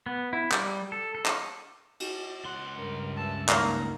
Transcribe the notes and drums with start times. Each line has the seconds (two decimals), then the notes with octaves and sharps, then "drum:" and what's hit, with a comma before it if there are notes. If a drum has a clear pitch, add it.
0.06 B3
0.33 E4
0.52 G3, drum: clap
0.92 A4
1.15 A4
1.26 drum: clap
2.00 drum: cymbal
2.45 C#2 F#5 C6
2.78 G2 A#4
3.16 E5 A5
3.49 D#3 A3 A#3 A#5, drum: clap